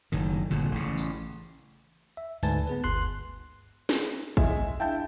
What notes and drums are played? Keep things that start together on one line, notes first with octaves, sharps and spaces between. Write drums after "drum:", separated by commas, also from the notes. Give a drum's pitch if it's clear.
F#1 A2 D#3
G1 F2 A#2 D3
A1 C#3
drum: tambourine
E5
D2 G#2 B4 G#5 A5, drum: open hi-hat
B3 G#4 B4
G1 D2 C6 F#6
drum: snare
G#3 E5, drum: kick
D4 E4 F5 G5 A5 G6